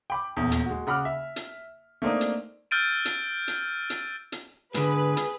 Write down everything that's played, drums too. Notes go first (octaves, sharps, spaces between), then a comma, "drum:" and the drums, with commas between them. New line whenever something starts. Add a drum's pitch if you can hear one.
G5 B5 D6
D#1 E2
drum: hi-hat
G#3 F#4
C#3 F#5 B5 D6 F6
E5
drum: hi-hat
A3 A#3 C4 D4 D#4
drum: hi-hat
E6 F6 G6 A6 D7 D#7
drum: hi-hat
drum: hi-hat
drum: hi-hat
drum: hi-hat
G#2 D3 G#4 B4, drum: hi-hat
drum: hi-hat